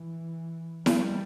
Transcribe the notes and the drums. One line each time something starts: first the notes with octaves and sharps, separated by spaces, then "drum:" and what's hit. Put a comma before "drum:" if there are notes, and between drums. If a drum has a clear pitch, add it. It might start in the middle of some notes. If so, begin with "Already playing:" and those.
Already playing: E3
G3, drum: snare E4